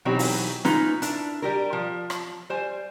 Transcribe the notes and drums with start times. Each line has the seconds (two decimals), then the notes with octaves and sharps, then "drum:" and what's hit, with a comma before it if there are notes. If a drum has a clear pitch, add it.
0.05 B2 E3 F#3 C4 D#4 G4
0.19 drum: open hi-hat
0.65 C#4 D#4 F4 B4, drum: snare
1.02 D4 E4 A#4, drum: hi-hat
1.42 G3 G4 A#4
1.73 F3
2.10 drum: rim click
2.50 G3 C5 G#5